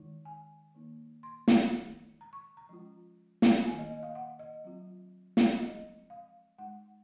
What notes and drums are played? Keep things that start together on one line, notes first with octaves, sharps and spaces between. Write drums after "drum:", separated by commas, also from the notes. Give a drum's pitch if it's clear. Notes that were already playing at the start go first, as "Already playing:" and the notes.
Already playing: D#3 G#3 D#4
G#5
D#3 A#3 D#4
C6
drum: snare
D#3 G#3 D#4
A#5
C#6
A#5
F3 G#3 C#4 F4
drum: snare
D#3 A#3 D#4 G#5
D#5
D#5
F5
F#5
D#5
F#3 C4 F4
drum: snare
F3 G#3 C4 D#5
F5
G#3 D#4 F#5